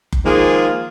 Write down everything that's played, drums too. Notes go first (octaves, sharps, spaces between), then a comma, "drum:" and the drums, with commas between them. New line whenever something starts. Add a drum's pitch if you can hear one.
drum: kick F#1
D#3 F3 G#3 A#3 F4 G#4